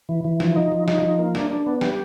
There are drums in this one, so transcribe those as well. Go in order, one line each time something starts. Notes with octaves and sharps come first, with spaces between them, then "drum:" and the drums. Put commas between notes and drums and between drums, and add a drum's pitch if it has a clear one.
E3
E3
F3, drum: snare
D#4
F3
D#4, drum: snare
F3
A#3
D4, drum: snare
D4
B3
G4, drum: snare